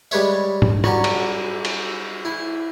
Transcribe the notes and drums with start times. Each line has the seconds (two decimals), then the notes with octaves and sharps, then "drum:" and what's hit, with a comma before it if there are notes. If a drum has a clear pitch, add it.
0.11 G3 G#3 B4 C#5 E5, drum: tambourine
0.62 drum: tom G#2
0.84 F#3 G3 C#4, drum: rim click
1.04 drum: cymbal
1.65 drum: cymbal
2.25 E4